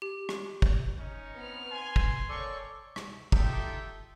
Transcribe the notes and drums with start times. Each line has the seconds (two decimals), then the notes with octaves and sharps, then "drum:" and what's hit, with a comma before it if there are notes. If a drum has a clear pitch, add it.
0.02 G4
0.29 drum: rim click
0.62 drum: kick
0.98 C#4 D#4
1.35 B3 C4 F6
1.71 G#5 C6
1.96 drum: kick
2.29 A#3 C4 A4 C#5 D5 C#6
2.96 drum: rim click
3.32 D#4 F4 G4 A4 E5 G5, drum: kick